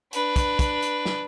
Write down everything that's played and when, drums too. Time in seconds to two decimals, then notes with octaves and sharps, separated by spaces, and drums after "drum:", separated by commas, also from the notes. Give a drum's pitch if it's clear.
0.13 D4 B4, drum: hi-hat
0.36 drum: kick, hi-hat
0.59 drum: kick, hi-hat
0.82 drum: hi-hat
1.05 drum: snare